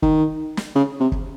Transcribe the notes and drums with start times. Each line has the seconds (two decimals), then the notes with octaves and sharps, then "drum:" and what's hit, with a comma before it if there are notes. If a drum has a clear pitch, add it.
0.02 D#3, drum: kick
0.57 drum: snare
0.75 C#3
1.00 C3
1.12 drum: kick